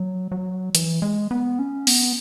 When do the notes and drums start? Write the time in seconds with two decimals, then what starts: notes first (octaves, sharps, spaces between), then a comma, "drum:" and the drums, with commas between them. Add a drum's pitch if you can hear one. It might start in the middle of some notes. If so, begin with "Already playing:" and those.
Already playing: F#3
0.32 F#3
0.75 E3, drum: hi-hat
1.02 G#3
1.31 B3
1.59 C#4
1.87 B3, drum: open hi-hat